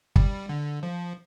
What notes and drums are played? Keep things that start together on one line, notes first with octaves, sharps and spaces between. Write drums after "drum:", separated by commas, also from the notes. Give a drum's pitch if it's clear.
G3, drum: kick
D3
F3